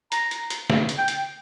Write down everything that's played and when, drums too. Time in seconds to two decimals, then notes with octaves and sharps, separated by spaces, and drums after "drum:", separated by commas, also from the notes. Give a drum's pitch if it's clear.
0.12 A#5, drum: hi-hat
0.31 drum: hi-hat
0.50 drum: hi-hat
0.70 drum: snare
0.89 drum: hi-hat
0.98 G5
1.08 drum: hi-hat